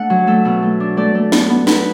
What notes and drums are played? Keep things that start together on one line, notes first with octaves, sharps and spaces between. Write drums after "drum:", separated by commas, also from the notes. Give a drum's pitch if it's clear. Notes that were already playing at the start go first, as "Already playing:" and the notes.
Already playing: A3 D4 F#5
F#3
A3 E5
B2
A3
D4
A3 D5
A3
B3, drum: snare
B3
B3 B4, drum: snare